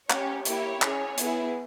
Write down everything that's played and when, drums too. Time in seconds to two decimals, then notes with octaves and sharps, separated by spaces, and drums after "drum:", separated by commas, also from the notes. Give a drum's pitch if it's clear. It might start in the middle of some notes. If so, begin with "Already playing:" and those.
0.10 C#4 G4 C#5, drum: clap
0.45 A#3 E4 G4 C#5, drum: hi-hat
0.82 C#4 G#4, drum: clap
1.18 B3 E4 G#4, drum: hi-hat